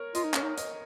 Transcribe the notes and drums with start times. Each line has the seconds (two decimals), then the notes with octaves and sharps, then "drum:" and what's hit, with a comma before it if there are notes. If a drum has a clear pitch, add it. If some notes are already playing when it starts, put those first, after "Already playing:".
Already playing: A#4 C#5
0.15 F4 D#5, drum: hi-hat
0.24 D#4
0.34 C#4 C#5, drum: clap
0.43 D#4
0.58 D#5, drum: hi-hat